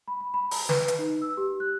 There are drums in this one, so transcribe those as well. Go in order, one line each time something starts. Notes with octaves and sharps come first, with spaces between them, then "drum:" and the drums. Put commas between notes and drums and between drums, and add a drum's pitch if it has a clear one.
B5
B5
B5
A#5, drum: open hi-hat
B4, drum: snare
drum: hi-hat
D#4
E6
G4
F#6